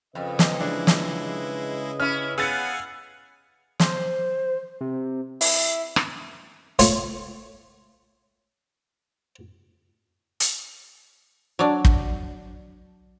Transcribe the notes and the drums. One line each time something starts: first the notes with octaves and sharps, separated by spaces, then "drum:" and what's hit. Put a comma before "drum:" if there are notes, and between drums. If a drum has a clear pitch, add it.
F2 C#3 B4 D#5
drum: snare
G#3 D4 E4
drum: snare
C#4 E4 F6
B3 G#4 F5 F#5 G#5 E6 A6 C#7
C5, drum: snare
C3
E4, drum: open hi-hat
drum: rim click
A3 F4 C#5, drum: hi-hat
drum: hi-hat
F#3 D4
drum: kick